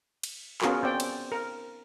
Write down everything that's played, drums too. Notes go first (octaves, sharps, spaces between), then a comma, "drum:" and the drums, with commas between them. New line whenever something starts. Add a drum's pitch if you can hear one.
drum: cymbal
B3 C#4 F4 F#4 G#4 A#4, drum: clap
C4 D5 G5
drum: cymbal
A#4